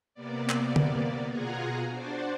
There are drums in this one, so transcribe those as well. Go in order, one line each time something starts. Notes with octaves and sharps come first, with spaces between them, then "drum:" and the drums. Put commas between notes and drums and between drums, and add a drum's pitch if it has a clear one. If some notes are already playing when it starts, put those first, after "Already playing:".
C3 A#3 B3 D5
drum: clap
drum: tom D3
B2 F4 G#4 F#5 G#5 A#5
D4 F#4 C5 D5